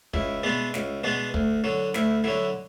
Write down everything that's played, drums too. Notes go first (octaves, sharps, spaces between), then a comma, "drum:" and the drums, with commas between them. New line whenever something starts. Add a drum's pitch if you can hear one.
C#2 E4, drum: kick
B2 G#3 B3 D4
C#2, drum: snare
B2 G#3 B3 D4
D2, drum: kick
D3 F#3
D2 E4, drum: snare
D3 F#3 E4